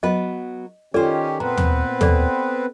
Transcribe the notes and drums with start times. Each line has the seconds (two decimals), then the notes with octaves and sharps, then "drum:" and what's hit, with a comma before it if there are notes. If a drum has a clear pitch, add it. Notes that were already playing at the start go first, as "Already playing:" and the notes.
0.03 F#3 B3 B4 D#5
0.94 D#3 C#4 F4 G4 A4 C5 D5
1.40 A#2 B3 C4 B4 A#5
1.58 drum: tom
2.01 A4 D5, drum: tom